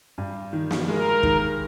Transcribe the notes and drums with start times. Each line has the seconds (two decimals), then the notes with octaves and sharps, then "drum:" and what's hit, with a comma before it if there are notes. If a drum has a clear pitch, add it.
0.18 G2
0.53 D#3
0.71 drum: snare
0.88 G#3 A#4
1.23 D#3, drum: kick